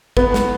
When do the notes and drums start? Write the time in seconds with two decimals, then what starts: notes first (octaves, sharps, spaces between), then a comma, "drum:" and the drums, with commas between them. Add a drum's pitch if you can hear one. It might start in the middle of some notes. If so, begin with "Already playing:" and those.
0.17 B3, drum: kick
0.34 drum: snare